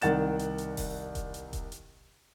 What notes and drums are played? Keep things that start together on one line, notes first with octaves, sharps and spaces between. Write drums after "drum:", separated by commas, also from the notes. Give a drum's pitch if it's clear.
C2 D#3 F#5 A6 E7, drum: hi-hat
drum: hi-hat
drum: hi-hat
drum: kick E1, open hi-hat
drum: kick E1, hi-hat
drum: hi-hat
drum: kick E1, hi-hat
drum: hi-hat